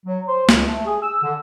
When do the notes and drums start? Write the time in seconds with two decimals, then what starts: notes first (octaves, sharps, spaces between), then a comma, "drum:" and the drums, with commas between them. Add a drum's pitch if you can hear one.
0.05 F#3
0.27 C5
0.49 C#2, drum: snare
0.66 A3
0.85 G#4
1.02 E6
1.23 D3